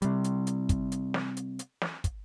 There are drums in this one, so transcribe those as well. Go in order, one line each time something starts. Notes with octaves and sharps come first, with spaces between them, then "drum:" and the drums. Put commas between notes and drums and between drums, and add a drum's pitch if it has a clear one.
C3 G3, drum: hi-hat
drum: hi-hat
drum: hi-hat
drum: kick, hi-hat
drum: hi-hat
drum: snare
drum: hi-hat
drum: hi-hat
drum: snare
drum: kick, hi-hat